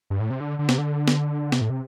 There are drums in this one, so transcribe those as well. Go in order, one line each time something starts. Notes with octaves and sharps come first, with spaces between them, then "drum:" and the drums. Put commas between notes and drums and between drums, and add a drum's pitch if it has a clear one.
G2
A2
C3
D3
D3
C3, drum: snare
D3
drum: snare
C3, drum: snare
A2
C3